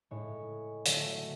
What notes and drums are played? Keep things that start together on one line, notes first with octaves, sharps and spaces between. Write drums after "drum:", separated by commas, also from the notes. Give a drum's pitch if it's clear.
A2 G#3 C#5
D3 F#3 A3, drum: hi-hat